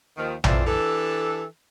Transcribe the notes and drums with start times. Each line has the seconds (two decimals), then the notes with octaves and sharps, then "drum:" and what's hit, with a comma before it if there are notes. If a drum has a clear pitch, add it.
0.17 D#2 D#3 F3
0.44 F2 E3 F3 C5 D5 E5, drum: tom A#1
0.67 E3 D4 G4 A4